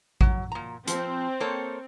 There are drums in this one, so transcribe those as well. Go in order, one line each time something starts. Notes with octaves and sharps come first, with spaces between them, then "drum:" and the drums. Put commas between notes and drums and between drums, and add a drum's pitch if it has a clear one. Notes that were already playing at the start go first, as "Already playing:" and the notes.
F#3, drum: kick A1
A#2 A#5
F3 C4, drum: hi-hat
A#3 A4 C#5